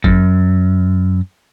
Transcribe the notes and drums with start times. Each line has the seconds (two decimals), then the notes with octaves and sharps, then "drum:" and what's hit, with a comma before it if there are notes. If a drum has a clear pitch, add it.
0.04 F#2, drum: kick G1